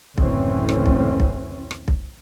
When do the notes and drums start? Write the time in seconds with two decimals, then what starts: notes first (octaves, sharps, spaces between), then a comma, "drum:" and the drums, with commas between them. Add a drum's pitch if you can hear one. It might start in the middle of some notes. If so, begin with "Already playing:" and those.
0.18 F#1 D2 A2 E3 C4 C#4, drum: kick B1
0.69 drum: rim click
0.86 drum: kick B1
1.20 drum: kick B1
1.71 drum: rim click
1.88 drum: kick B1